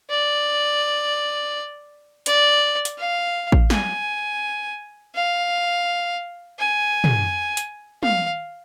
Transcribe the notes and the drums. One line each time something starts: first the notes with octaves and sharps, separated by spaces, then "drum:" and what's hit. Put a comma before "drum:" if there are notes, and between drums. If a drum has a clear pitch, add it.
D5
D5, drum: hi-hat
drum: hi-hat
F5
drum: kick A1
G#5, drum: snare
F5
G#5
drum: tom
drum: hi-hat
F5, drum: tom